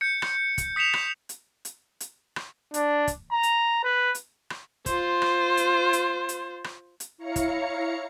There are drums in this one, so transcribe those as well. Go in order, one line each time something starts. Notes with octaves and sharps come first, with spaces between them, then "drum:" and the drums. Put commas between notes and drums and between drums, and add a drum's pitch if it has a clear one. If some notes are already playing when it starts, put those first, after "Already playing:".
G6 C#7
drum: rim click
drum: kick, hi-hat
D#6 B6 C#7 E7 F7
drum: rim click
drum: hi-hat
drum: hi-hat
drum: hi-hat
drum: rim click
D4, drum: hi-hat
drum: kick, hi-hat
A#5
drum: hi-hat
B4
drum: hi-hat
drum: rim click
F4 C5, drum: kick, hi-hat
drum: rim click
drum: hi-hat
drum: hi-hat
drum: hi-hat
drum: rim click
drum: hi-hat
E4 C#5 F5 A#5 C#7
drum: kick, hi-hat